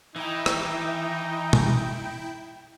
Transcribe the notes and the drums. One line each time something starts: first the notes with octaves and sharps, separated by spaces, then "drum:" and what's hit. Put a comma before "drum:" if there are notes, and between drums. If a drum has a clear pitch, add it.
E3 D#4 E4 G5
drum: rim click
drum: tom B2